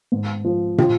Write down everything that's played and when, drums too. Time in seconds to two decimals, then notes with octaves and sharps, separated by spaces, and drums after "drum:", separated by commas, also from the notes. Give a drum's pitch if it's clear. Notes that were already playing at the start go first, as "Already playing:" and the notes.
0.12 G#2
0.45 F3
0.78 F4, drum: tom